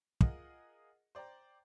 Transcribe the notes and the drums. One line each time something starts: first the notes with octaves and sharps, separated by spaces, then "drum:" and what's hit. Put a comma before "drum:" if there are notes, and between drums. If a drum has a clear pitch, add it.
F4 G#4 A#4 D#5 F#5, drum: kick
C5 D5 G5 A#5